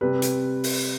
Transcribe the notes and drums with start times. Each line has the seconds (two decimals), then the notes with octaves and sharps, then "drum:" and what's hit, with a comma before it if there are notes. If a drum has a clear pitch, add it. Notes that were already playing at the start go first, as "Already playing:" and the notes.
0.01 C3 G3 B4
0.22 drum: hi-hat
0.64 drum: open hi-hat